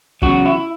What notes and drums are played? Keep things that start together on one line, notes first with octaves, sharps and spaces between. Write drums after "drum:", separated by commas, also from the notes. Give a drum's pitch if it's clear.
E2 C#3 F#3 F#4, drum: kick
E4